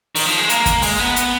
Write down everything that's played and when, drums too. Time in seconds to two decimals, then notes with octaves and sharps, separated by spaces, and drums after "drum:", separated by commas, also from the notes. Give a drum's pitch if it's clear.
0.15 D#3, drum: open hi-hat
0.26 F3
0.38 G#3
0.49 A#3, drum: hi-hat
0.66 drum: kick, hi-hat
0.82 G#3, drum: open hi-hat
1.00 B3
1.16 drum: hi-hat